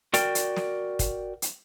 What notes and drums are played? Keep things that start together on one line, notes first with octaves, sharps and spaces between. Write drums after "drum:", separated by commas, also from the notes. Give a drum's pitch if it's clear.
F#4 A#4 D5 G5, drum: hi-hat
drum: hi-hat
drum: snare
drum: kick, hi-hat
drum: hi-hat